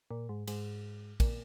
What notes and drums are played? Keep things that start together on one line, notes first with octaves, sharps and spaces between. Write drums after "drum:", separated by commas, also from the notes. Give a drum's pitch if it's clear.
A#2
G#2
G#2, drum: cymbal
A#2, drum: kick, cymbal